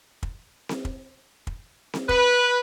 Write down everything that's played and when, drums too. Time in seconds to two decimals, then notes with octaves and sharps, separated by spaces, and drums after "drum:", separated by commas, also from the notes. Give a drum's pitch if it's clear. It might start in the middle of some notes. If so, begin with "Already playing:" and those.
0.23 drum: kick
0.69 drum: snare C4
0.85 drum: kick
1.47 drum: kick
1.94 drum: snare C4
2.09 B4, drum: kick